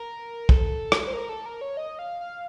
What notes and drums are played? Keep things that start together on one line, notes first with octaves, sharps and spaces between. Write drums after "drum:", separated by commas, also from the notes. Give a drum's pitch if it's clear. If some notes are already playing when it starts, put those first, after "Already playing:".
Already playing: A#4
A4, drum: kick
drum: rim click
C5
A#4
A4
A#4
C#5
D#5
F5
F5